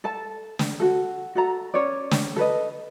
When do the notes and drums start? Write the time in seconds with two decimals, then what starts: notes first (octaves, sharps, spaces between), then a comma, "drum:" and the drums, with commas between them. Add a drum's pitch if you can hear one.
0.04 A4 A5
0.59 drum: snare
0.80 F#4 A4
1.35 F#4 A4 A#5
1.74 C#4 C#5 D5
2.11 drum: snare
2.36 A4 B4 D#5